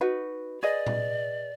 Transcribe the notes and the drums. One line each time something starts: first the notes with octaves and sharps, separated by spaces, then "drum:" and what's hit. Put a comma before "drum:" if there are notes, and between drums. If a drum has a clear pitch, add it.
D#4 F#4 B4
G#4 B4 D5 D#5
drum: tom A#2